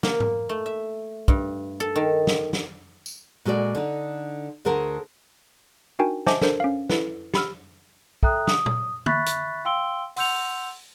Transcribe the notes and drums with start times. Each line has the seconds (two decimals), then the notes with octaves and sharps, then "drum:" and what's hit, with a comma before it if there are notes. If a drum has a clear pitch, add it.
0.03 A#3, drum: snare
0.20 drum: tom G#2
0.49 A3
0.66 E5
1.28 G2, drum: kick
1.80 A4
1.96 D#3
2.27 drum: snare
2.53 drum: snare
3.06 drum: tambourine
3.45 A#2 G#3 F#4 A4 D5
3.75 D3 D#4
4.65 D2 D3 G#4 A#4 C5 A5
5.99 D4 D#4 F#4 A#4 G5 G#5
6.27 C5 D#5 E5 G#5 A5 D6, drum: snare
6.41 D4 A4 A#4 C5, drum: snare
6.60 C#4 F5
6.90 E4 A4 B4, drum: snare
7.34 G4 B5 E6 F6, drum: snare
8.23 A4 E5 G5 A#5 D#6 F#6, drum: kick
8.47 D#6, drum: snare
8.66 drum: tom A#2
9.06 E5 B5 C#6 F#6 A6 B6, drum: tom
9.26 drum: hi-hat
9.65 F5 G5 C6 E6 D7 G7
10.16 F#5 C6 E6 G6 C#7 F7, drum: open hi-hat